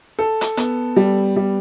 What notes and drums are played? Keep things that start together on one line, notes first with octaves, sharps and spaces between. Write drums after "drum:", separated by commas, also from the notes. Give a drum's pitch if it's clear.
A4
drum: hi-hat
B3, drum: hi-hat
G3
G3